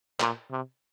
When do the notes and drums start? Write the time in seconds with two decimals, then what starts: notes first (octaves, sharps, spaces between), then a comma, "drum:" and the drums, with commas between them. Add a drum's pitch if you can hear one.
0.20 A#2, drum: clap
0.51 C3